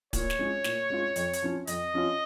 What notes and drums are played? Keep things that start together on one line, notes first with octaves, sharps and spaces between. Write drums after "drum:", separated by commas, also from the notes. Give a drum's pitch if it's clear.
A#2 C#5, drum: kick D1, hi-hat
drum: snare
G#3 C#4 F4
A#2, drum: snare
G#3 C#4 F4
F2, drum: hi-hat
drum: hi-hat
F3 C#4 F4
F2 D#5, drum: hi-hat
F3 C#4 F4